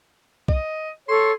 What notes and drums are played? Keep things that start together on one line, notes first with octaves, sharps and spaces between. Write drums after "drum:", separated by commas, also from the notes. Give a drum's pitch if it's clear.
D#5, drum: kick
A4 C#5 C6